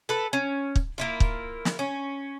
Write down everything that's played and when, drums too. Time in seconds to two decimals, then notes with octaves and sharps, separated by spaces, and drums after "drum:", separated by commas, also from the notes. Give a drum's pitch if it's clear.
0.09 A4 B4
0.33 C#4
0.76 drum: kick
0.98 A#3 E4 F4
1.20 drum: kick
1.65 drum: snare
1.79 C#4